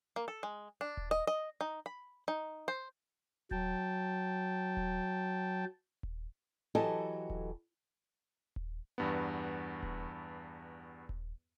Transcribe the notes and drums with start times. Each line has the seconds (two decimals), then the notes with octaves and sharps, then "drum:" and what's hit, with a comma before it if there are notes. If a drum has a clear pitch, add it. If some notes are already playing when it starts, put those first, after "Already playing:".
0.16 A#3
0.28 A4
0.43 G#3
0.81 D4
0.97 drum: kick D#1
1.11 D#5
1.27 D#5
1.61 D#4
1.86 B5
2.28 D#4
2.68 C5
3.51 F#3 G5 A5, drum: kick D#1
4.77 drum: kick D#1
6.03 drum: kick D#1
6.75 E3 F#3 G4 A4 D#5 A5
7.30 drum: kick D#1
8.56 drum: kick D#1
8.98 E2 G2 B3
9.83 drum: kick D#1
11.09 drum: kick D#1